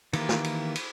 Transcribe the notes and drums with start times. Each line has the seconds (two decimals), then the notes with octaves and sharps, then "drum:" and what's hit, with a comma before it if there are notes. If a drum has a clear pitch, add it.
0.13 D#3 E3 A#3 G4, drum: cymbal
0.29 drum: snare
0.44 drum: cymbal
0.76 drum: cymbal